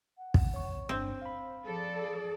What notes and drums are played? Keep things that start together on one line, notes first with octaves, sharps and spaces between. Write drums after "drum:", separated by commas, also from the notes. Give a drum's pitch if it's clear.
F#5
drum: kick
C#5 C#6
G1 G2 C4 D4 C5
F5 B5
F3 G#4 A4 D5
G#4